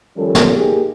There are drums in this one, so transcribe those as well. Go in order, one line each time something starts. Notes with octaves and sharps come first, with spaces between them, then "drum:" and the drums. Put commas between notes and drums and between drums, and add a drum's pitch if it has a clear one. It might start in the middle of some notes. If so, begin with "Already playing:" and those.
D#3 F3 G3 C#4 A4
drum: snare
A#3 D#4 G4 G#4